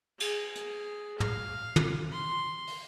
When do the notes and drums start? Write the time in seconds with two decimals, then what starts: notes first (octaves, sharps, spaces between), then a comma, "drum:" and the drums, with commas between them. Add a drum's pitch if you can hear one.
0.20 G#4, drum: cymbal
0.56 drum: hi-hat
1.20 F5, drum: tom
1.76 drum: tom
2.12 C6
2.67 drum: open hi-hat